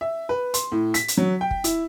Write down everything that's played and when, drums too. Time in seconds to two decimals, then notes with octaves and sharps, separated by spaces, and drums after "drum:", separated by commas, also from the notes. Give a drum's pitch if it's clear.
0.01 E5
0.29 B4
0.54 C6, drum: hi-hat
0.72 A2
0.94 B6, drum: hi-hat
1.08 drum: hi-hat
1.17 F#3
1.41 G5
1.51 drum: kick
1.64 E4, drum: hi-hat